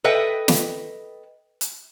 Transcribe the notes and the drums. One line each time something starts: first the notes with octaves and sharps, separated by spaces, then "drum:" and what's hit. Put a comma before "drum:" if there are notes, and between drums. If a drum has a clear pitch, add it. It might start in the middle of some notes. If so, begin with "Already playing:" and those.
A4 B4 D#5 E5 G5
drum: snare
drum: hi-hat